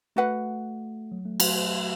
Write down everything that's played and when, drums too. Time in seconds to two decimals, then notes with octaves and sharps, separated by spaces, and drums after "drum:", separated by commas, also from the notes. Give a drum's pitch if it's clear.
0.16 A3 F#4 B4 F#5
1.12 F#3
1.26 A3
1.40 F#3, drum: cymbal